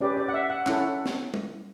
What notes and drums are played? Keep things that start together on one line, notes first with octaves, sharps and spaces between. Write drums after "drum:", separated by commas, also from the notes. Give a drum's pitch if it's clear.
C#4 G4 B4 D5
D5
F#5
E5
F#5
C#4 E4 A4 F#5, drum: clap
drum: snare
drum: tom